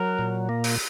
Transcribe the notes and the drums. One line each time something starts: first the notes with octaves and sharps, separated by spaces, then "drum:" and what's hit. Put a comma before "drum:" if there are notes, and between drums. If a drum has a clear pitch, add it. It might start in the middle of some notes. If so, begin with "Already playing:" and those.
Already playing: F#3 A#4
A#2
A#3
drum: open hi-hat